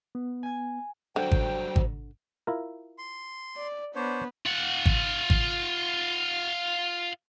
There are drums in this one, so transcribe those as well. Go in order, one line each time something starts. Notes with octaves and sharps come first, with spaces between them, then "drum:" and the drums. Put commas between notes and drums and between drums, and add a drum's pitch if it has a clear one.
B3
G#5 G#6
D3 F#3 G3 C5 G5
drum: kick G#1
drum: kick G#1
E4 F4 A#4
C6
D5
B3 D4 C5 C#5
F4 F#5
drum: kick G#1
drum: kick G#1